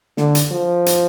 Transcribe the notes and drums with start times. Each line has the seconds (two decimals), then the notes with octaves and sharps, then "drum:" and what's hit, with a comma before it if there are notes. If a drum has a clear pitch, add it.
0.17 D3, drum: snare
0.35 drum: hi-hat
0.51 F3
0.86 drum: hi-hat